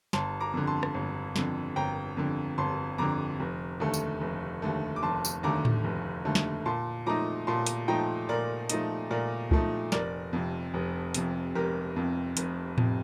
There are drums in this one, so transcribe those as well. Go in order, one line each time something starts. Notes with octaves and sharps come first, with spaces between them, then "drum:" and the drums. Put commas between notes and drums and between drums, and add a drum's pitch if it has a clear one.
G1 A5 C6, drum: snare
A#5 D6
F2 D3
A5 C6
drum: rim click
G1
F2 D3, drum: snare
G1 G5 A#5
F2 D3
G1 A5 C6
F2 D3 A#5 D6
F1
D#2 D3 A3
drum: tambourine
F1
D#2 D3 A3
D6
F1 A5 C6
drum: tambourine
D#2 D3 A3 A#5 D6
drum: tom A2
F1
D#2 D3 A3
drum: snare
A#2 A5 C6
F3 A3 D#4 A#5 D6
A#2 A5 C6
drum: hi-hat
F3 A3 D#4 G5 A#5
A#2 A#4 D5
F3 A3 D#4, drum: hi-hat
A#2 A#4 D5
F3 A3 D#4, drum: kick C2
F1 A#4 D5, drum: snare
F2 C3
F1
F2 C3, drum: hi-hat
F1 G4 A#4
F2 C3
F1, drum: hi-hat
F2 C3, drum: tom A2